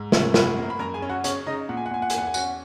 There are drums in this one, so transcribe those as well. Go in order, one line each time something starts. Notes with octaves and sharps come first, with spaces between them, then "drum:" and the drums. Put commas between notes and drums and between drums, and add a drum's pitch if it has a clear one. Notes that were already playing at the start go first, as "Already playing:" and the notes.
Already playing: G#2
C#4, drum: snare
F#2 B4 B5, drum: snare
A#3
B5
F#2 A#4 A#5
G#4 G#5
C#4
F#4 F#5
C#3 C#4 C#5, drum: hi-hat
C#3 D#4 D#5
A#2 F#5
G#5
F#5
A#2 G#5
F#5
G#5, drum: hi-hat
E2 F#5
G#5
C#4 F#4 F#5, drum: tambourine